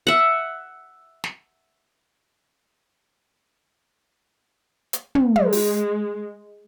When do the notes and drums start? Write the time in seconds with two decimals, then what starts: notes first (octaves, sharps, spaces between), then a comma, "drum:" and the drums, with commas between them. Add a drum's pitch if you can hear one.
0.07 E5 F#5
1.24 drum: snare
4.93 drum: hi-hat
5.15 drum: tom
5.36 G#3, drum: tom
5.53 drum: open hi-hat